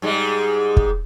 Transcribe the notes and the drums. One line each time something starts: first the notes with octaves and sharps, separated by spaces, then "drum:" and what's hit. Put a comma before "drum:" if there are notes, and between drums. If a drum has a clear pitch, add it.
G#2 G3 G#3
drum: kick